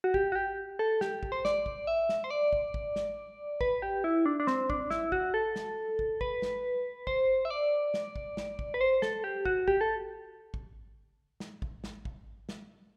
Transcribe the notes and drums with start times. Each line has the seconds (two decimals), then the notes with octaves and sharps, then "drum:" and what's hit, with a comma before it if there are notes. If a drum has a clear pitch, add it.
0.04 F#4
0.14 G4, drum: kick
0.32 F#4
0.35 G4
0.79 A4
1.01 G4, drum: snare
1.23 drum: kick
1.32 C5
1.45 D5, drum: snare
1.66 drum: kick
1.87 E5
2.09 drum: snare
2.24 C5
2.30 D5
2.53 drum: kick
2.74 drum: kick
2.96 drum: snare
3.61 B4, drum: kick
3.82 G4
4.04 E4
4.26 D4
4.40 D4
4.47 C4, drum: snare
4.70 D4, drum: kick
4.90 E4, drum: snare
5.12 F#4, drum: kick
5.34 A4
5.56 drum: snare
5.99 drum: kick
6.21 B4, drum: kick
6.42 drum: snare
7.07 C5, drum: kick
7.45 E5
7.50 D5
7.94 drum: snare
8.16 drum: kick
8.37 drum: snare
8.59 drum: kick
8.74 B4
8.81 C5
9.02 A4, drum: snare
9.24 G4
9.45 F#4, drum: kick
9.68 G4, drum: kick
9.81 A4
10.54 drum: kick
11.40 drum: snare
11.62 drum: kick
11.84 drum: snare
12.05 drum: kick
12.49 drum: snare